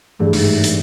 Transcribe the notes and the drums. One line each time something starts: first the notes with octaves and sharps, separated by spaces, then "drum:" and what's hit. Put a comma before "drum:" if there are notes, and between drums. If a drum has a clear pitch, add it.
G2 E3 A3
G#2, drum: open hi-hat
drum: hi-hat